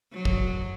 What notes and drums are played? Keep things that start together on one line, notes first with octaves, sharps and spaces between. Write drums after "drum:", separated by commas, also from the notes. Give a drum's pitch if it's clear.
F#3
drum: kick